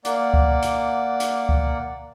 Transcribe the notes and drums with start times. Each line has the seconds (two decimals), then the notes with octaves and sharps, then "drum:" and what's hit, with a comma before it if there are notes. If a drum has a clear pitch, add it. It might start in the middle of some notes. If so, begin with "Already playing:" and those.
0.05 A#3 D5 F#5, drum: hi-hat
0.34 drum: kick C#2
0.62 drum: hi-hat
1.20 drum: hi-hat
1.49 drum: kick C#2